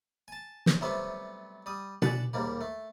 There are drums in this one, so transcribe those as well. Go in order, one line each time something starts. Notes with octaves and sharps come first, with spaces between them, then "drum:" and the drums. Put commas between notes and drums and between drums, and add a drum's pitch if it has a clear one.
G#5 A5
drum: snare
C3 F#3 G3 A3 B3 C5
G3 D#6
D4 D5 F#5 G#5 A5 B5, drum: tom B2
D#2 G#2 G3 A#3
A3